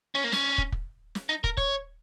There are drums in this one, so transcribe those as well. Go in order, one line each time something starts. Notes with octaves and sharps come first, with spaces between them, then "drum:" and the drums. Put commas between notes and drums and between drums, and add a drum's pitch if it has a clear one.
C#4
A#3
C#4, drum: snare
drum: kick
drum: kick
drum: snare
D#4
A#4, drum: kick
C#5, drum: kick